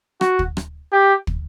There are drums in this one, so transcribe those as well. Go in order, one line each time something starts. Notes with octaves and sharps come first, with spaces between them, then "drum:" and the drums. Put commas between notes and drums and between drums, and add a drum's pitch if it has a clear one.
F#4, drum: rim click
drum: kick
drum: rim click
G4
drum: kick